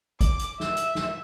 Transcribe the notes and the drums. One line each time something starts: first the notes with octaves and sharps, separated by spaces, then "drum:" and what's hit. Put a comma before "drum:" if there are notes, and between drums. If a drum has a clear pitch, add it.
D6, drum: kick, hi-hat
drum: hi-hat
E5, drum: snare
drum: hi-hat
drum: snare